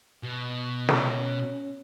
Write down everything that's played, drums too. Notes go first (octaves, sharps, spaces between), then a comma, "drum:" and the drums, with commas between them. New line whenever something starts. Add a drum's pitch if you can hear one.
B2
C#4, drum: snare